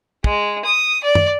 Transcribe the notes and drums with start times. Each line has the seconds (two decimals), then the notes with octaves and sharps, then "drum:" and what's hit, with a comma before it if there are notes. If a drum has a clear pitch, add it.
0.24 G#3, drum: kick
0.65 D#6
1.04 D5
1.15 drum: tom F#2